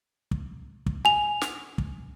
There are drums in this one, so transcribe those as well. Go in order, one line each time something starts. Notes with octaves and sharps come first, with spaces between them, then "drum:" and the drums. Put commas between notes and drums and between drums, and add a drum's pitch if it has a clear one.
drum: kick
drum: kick
G#5 F7
drum: snare
drum: kick